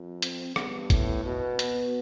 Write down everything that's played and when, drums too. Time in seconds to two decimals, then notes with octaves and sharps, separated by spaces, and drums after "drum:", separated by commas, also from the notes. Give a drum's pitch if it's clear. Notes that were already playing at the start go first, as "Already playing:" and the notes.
Already playing: F2
0.22 C4, drum: hi-hat
0.56 G2 B3, drum: rim click
0.90 A2, drum: kick, hi-hat
1.25 B2 B3
1.59 B3, drum: hi-hat